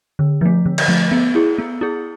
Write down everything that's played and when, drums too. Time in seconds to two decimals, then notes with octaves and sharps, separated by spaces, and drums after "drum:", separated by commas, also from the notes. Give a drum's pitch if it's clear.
0.19 D3
0.41 F3 A3
0.66 D3
0.78 drum: cymbal
0.88 F3 A3
1.11 B3
1.35 E4 G#4
1.58 B3
1.81 E4 G#4